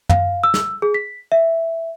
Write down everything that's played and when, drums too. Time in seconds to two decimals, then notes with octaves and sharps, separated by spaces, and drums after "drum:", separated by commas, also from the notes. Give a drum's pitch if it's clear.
0.10 F5, drum: tom
0.44 E6
0.54 drum: snare
0.82 G#4
0.94 B6
1.32 E5